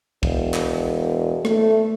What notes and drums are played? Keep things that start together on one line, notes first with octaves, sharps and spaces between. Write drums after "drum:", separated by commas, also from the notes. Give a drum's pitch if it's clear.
E1, drum: kick
drum: clap
A3, drum: rim click